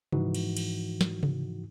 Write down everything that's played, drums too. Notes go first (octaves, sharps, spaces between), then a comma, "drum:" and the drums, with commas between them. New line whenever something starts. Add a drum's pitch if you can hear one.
G#2 E3 F3 D#4 F#4, drum: tom C3
drum: cymbal
drum: cymbal
drum: snare
drum: tom C3